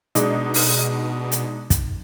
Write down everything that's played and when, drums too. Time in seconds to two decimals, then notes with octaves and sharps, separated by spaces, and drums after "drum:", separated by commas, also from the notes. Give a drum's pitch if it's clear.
0.15 B2 G#3 D4 D#4, drum: hi-hat
0.54 drum: open hi-hat
1.32 drum: hi-hat
1.70 drum: kick, hi-hat